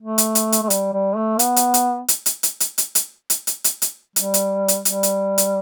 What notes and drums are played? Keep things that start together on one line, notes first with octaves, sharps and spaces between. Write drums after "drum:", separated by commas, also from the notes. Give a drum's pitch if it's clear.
A3
drum: hi-hat
drum: hi-hat
drum: hi-hat
A3
G3, drum: hi-hat
G3
A3
B3, drum: hi-hat
drum: hi-hat
drum: hi-hat
drum: hi-hat
drum: hi-hat
drum: hi-hat
drum: hi-hat
drum: hi-hat
drum: hi-hat
drum: hi-hat
drum: hi-hat
drum: hi-hat
drum: hi-hat
G3, drum: hi-hat
drum: hi-hat
drum: hi-hat
G3, drum: hi-hat
drum: hi-hat
drum: hi-hat